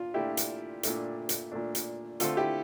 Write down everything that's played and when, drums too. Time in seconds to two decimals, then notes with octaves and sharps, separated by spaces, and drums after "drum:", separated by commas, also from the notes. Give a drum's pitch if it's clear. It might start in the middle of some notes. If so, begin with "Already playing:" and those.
Already playing: A#2 D4 F4
0.14 A#2 A3 D4 E4 G4
0.37 drum: hi-hat
0.83 A#2 A3 D4, drum: hi-hat
1.29 drum: hi-hat
1.52 A#2 A3 D4
1.75 drum: hi-hat
2.20 D3 A3 C4 F4 A4, drum: hi-hat
2.37 E4 G4